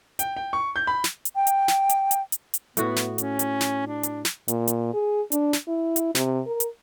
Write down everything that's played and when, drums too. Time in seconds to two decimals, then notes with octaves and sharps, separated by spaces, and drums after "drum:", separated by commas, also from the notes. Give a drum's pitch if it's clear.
0.19 G5, drum: hi-hat
0.37 G5
0.53 C#6
0.76 G6
0.87 B5
1.04 drum: snare
1.25 drum: hi-hat
1.36 G5
1.47 drum: hi-hat
1.68 drum: snare
1.89 drum: hi-hat
2.11 drum: hi-hat
2.32 drum: hi-hat
2.54 drum: hi-hat
2.77 A2 B3 F#4, drum: hi-hat
2.96 drum: snare
3.18 C#4, drum: hi-hat
3.39 drum: hi-hat
3.61 drum: snare
3.87 D4
4.03 drum: hi-hat
4.25 drum: snare
4.48 A#2, drum: hi-hat
4.68 drum: hi-hat
4.94 G#4
5.32 D4, drum: hi-hat
5.53 drum: snare
5.68 E4
5.96 drum: hi-hat
6.15 C3, drum: snare
6.47 A#4
6.60 drum: hi-hat